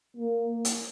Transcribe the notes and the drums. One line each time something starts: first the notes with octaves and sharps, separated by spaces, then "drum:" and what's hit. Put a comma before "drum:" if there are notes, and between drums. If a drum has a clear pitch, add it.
A#3
drum: hi-hat